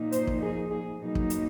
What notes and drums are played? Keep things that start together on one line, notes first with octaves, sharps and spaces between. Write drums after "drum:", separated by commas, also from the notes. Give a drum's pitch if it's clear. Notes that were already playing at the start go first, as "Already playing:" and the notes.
Already playing: A#2 F3 A#3 D#4
C5, drum: hi-hat
drum: kick
G#4
G#4
B2 F#3 A#3 D#4
drum: kick
drum: hi-hat